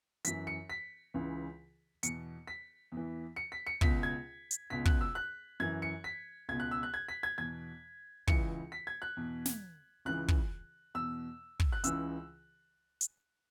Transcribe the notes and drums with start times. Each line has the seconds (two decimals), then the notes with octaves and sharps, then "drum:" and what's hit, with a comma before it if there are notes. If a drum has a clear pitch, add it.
0.25 F#2 E3 B6, drum: hi-hat
0.47 C#7
0.70 B6
1.14 C#2 C#3 E3
2.03 E2 B2 C#7, drum: hi-hat
2.47 B6
2.92 E2 E3
3.36 C#7
3.52 B6
3.67 C#7
3.81 C#2 B2 B6, drum: kick
4.03 G#6
4.51 drum: hi-hat
4.70 C#2 B2 B6
4.85 F#6, drum: kick
5.01 E6
5.15 F#6
5.60 F#2 E3 G#6
5.82 C#7
6.04 B6
6.49 C#2 B2 G#6
6.60 F#6
6.71 E6
6.83 F#6
6.94 G#6
7.09 B6
7.23 G#6
7.38 E2 B2 G#6
8.28 C#2 C#3 E3 C#7, drum: kick
8.72 B6
8.87 G#6
9.02 F#6
9.17 E2 B2
9.45 drum: snare
10.05 C#2 C#3 E3 F#6
10.28 drum: kick
10.95 E2 B2 E6
11.60 drum: kick
11.72 F#6
11.84 C#2 C#3 E3 E6, drum: hi-hat
13.01 drum: hi-hat